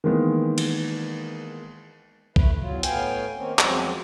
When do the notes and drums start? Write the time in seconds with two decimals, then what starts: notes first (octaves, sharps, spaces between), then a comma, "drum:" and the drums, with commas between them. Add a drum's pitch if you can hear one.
0.04 D#3 E3 G#3 A#3 B3
0.58 drum: cymbal
2.36 A3 B4, drum: kick B1
2.60 E2 F#3 F4
2.83 A2 B3 F5 G5 G#5, drum: hi-hat
3.35 D#3 A#3 C4 C#4
3.59 E2 C#3 F3 F#3 G#3 C4, drum: clap